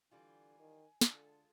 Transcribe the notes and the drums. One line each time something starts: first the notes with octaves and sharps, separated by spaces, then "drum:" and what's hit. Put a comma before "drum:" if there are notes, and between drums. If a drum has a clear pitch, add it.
D3 E3 G3 F4 G#5
D#3
D3 G#3 F4 A4, drum: snare